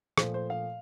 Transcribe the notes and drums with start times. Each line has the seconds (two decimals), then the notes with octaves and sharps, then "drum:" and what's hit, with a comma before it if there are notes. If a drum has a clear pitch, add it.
0.18 A#2 F3 A3 C5, drum: rim click
0.34 C5
0.50 F5